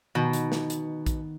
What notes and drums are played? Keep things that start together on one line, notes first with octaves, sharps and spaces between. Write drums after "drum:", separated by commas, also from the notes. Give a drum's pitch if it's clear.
B2 D#3
drum: hi-hat
drum: snare
drum: hi-hat
drum: kick A#1, hi-hat